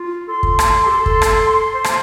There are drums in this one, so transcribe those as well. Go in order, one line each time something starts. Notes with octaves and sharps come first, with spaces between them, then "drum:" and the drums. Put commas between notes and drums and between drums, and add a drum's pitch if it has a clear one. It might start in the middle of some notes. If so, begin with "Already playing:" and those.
Already playing: F4
A4 C6
drum: kick
drum: rim click
G4
A4
drum: kick
drum: rim click
C5
drum: rim click